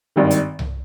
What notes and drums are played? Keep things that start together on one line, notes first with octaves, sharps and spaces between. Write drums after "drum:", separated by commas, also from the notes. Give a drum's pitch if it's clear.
G#1 G2 D#3
drum: hi-hat
drum: tom C2